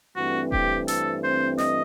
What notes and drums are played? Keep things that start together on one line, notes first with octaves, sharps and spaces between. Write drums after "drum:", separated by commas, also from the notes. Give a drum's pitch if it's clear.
G2 E3 A3 C4 F#4
G4, drum: kick D#1
A4, drum: hi-hat
C5
D#5, drum: snare